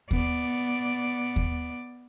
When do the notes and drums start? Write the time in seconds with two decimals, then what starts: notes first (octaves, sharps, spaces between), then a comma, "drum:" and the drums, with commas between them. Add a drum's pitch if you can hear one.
0.11 B3 D5, drum: kick D#2
1.36 drum: kick D#2